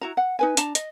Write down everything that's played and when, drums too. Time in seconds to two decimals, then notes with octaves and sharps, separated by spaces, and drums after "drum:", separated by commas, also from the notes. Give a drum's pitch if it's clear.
0.01 E4 F#4 A#5
0.17 F#5
0.39 D#4 B4 G#5
0.57 D4 A5 A#5, drum: hi-hat
0.75 D#5, drum: hi-hat